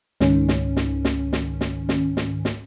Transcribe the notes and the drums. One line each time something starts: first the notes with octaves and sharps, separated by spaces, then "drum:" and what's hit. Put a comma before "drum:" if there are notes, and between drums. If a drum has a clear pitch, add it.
C#2 G#2 D#3 C#4, drum: snare
drum: snare
drum: snare
drum: snare
drum: snare
drum: snare
drum: snare
drum: snare
drum: snare